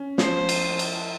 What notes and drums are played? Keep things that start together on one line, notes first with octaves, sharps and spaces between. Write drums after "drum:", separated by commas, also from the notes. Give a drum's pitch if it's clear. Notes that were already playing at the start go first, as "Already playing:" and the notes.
Already playing: C#4
F3 C5, drum: snare
drum: cymbal
drum: cymbal